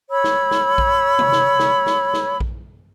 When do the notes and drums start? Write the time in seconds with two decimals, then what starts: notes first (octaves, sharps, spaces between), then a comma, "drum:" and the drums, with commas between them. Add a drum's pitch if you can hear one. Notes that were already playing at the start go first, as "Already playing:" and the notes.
0.11 C#5 B5 E6
0.24 drum: snare
0.51 drum: snare
0.78 drum: kick A#1
1.19 drum: tom
1.32 drum: snare
1.59 drum: snare
1.86 drum: snare
2.13 drum: snare
2.40 drum: kick A#1